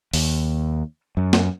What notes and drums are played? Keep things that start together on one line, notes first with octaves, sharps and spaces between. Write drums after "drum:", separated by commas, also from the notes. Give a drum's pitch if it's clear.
D#2, drum: open hi-hat
F#2
drum: snare